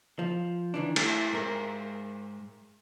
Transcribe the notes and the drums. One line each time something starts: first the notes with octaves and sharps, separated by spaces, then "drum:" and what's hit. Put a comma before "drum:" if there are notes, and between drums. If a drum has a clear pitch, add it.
F3
D#3 E3 D4
A3 E4, drum: cymbal
G#2 A#4